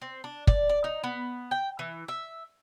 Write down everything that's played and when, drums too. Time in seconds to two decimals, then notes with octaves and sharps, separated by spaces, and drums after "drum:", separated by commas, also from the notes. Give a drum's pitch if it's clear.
0.02 C4
0.24 D4
0.47 D5, drum: kick
0.69 D5
0.84 D#4
1.04 B3
1.51 G5
1.79 E3
2.08 E5